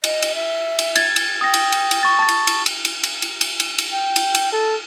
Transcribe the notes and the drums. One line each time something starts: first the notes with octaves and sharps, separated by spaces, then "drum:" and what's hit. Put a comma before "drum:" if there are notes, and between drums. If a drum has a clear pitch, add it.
D#5, drum: cymbal
drum: cymbal
E5
drum: cymbal
G#6 A6, drum: cymbal
drum: cymbal
G5 D#6 A#6
drum: cymbal
drum: cymbal
drum: cymbal
C#6 A6
A5 A6
drum: cymbal
drum: cymbal
drum: cymbal
drum: cymbal
drum: cymbal
drum: cymbal
drum: cymbal
drum: cymbal
drum: cymbal
G5
drum: cymbal
drum: cymbal
A4